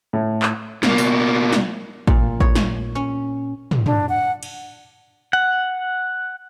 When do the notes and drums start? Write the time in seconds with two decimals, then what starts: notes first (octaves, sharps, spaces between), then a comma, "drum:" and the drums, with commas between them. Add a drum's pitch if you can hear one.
0.13 A2
0.42 drum: clap
0.83 B2 A#3, drum: snare
0.98 drum: tambourine
1.52 drum: snare
2.07 A#2, drum: kick A1
2.40 C#5, drum: kick A1
2.55 drum: snare
2.95 C#4
3.71 drum: tom
3.86 D4, drum: tom
4.09 F#5
4.43 drum: cymbal
5.33 F#5